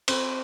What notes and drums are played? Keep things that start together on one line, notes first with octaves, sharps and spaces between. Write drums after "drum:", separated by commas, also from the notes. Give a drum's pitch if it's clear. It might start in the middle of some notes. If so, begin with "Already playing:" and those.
C4, drum: cymbal